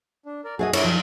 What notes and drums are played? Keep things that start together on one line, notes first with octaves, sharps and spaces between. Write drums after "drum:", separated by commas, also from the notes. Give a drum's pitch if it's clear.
D4
A#4 D5
F#4 G#4 A4 D5 D#5 G#5
D4 E4 C#5 D5, drum: cymbal
F3 D#4 A5 F6